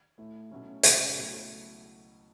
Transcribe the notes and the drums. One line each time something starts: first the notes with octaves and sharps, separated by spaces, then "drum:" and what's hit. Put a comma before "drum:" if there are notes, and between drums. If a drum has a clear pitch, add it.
A2 A3 E4
B2 F#3 A3 C#4 E4
C#2 C#3 F#3 C#4, drum: hi-hat
B2 F#3 A3 E4